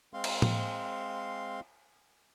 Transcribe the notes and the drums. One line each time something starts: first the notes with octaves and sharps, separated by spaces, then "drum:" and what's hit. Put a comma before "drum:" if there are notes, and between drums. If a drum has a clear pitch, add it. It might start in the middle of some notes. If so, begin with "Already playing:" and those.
G#3 C4 F5 C6
drum: cymbal
drum: tom A2